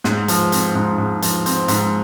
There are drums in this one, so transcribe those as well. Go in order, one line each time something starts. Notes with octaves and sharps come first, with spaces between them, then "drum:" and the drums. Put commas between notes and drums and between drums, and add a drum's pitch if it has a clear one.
G#2, drum: snare
F3, drum: hi-hat
C4, drum: hi-hat
G#2
G#2
F3, drum: hi-hat
C4, drum: hi-hat
G#2, drum: hi-hat